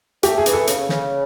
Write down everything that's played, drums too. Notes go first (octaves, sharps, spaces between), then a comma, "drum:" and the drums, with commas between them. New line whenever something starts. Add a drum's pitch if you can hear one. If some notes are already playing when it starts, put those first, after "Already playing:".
A3 G4, drum: hi-hat
G#4
E3, drum: hi-hat
A4
C#3, drum: hi-hat
C#3, drum: snare